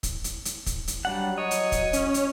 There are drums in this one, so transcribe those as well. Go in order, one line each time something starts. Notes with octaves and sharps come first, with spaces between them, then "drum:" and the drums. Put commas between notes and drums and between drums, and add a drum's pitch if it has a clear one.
drum: kick, hi-hat
drum: hi-hat
drum: hi-hat
drum: kick, hi-hat
drum: hi-hat
F#3 G3 D4 F#5
C#5 D#5
drum: hi-hat
drum: kick, hi-hat
C#4, drum: hi-hat
drum: hi-hat